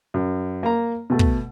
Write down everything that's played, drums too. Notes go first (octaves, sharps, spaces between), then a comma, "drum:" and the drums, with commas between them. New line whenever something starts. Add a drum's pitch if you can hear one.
F#2
A#3 A#5
B2 A3
drum: kick